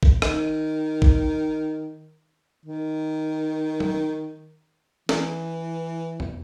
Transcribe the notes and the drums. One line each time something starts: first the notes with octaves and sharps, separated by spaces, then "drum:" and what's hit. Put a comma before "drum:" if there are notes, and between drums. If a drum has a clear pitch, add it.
drum: kick
D#3, drum: rim click
drum: kick
D#3
drum: tom F#3
E3, drum: snare
drum: tom E2